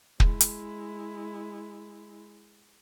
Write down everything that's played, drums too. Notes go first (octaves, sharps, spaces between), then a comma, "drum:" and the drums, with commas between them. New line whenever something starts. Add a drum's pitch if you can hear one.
G#3 E4, drum: kick
drum: hi-hat